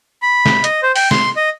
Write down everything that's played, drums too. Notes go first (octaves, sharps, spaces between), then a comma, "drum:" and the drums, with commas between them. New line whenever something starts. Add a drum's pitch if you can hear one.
B5
drum: snare
D#5, drum: hi-hat
C5
G5, drum: open hi-hat
C6, drum: snare
D#5